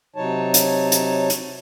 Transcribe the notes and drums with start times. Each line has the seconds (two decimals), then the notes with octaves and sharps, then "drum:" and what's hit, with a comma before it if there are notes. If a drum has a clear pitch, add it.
0.16 C3 F#3 D#4 C#5 A5
0.54 drum: hi-hat
0.92 drum: hi-hat
1.30 drum: hi-hat